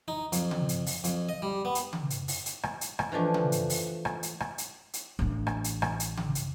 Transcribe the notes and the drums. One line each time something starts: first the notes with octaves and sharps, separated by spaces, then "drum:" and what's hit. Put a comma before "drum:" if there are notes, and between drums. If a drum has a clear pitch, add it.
D#4
F2, drum: hi-hat
drum: tom C#3
drum: hi-hat
drum: open hi-hat
F2, drum: hi-hat
D#5
G3
B3
drum: hi-hat
drum: tom C#3
drum: hi-hat
drum: open hi-hat
drum: hi-hat
drum: rim click
drum: hi-hat
drum: rim click
E3 F3 A3 D4
drum: tom C#3
drum: hi-hat
drum: open hi-hat
drum: rim click
drum: hi-hat
drum: rim click
drum: hi-hat
drum: hi-hat
A1 D4
drum: rim click
drum: hi-hat
drum: rim click
drum: hi-hat
drum: tom C#3
drum: hi-hat